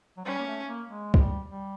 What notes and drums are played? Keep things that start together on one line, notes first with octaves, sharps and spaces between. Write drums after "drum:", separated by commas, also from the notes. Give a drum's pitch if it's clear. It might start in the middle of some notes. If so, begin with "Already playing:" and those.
F#3
G3 C#4
A#3
A3
A#3
G#3
G#3, drum: kick C#2
G3
G3